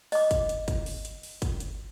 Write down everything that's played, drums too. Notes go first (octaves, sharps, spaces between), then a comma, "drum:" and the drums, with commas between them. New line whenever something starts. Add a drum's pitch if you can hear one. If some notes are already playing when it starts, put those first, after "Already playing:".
D#5 D6, drum: open hi-hat
drum: kick, hi-hat
drum: hi-hat
drum: kick, hi-hat
drum: open hi-hat
drum: hi-hat
drum: open hi-hat
drum: kick, hi-hat
drum: hi-hat